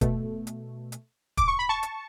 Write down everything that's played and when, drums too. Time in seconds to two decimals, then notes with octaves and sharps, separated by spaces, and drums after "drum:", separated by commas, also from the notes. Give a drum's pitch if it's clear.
0.01 B2 A3, drum: kick, hi-hat
0.47 drum: hi-hat
0.92 drum: hi-hat
1.37 D6, drum: kick, hi-hat
1.48 C#6
1.59 B5
1.69 A5 C#6
1.83 drum: hi-hat